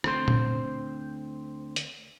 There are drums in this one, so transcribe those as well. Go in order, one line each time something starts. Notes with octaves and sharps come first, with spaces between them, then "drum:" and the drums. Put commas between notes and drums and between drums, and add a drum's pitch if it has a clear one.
D2 C4 C5, drum: rim click
drum: tom A#2
drum: hi-hat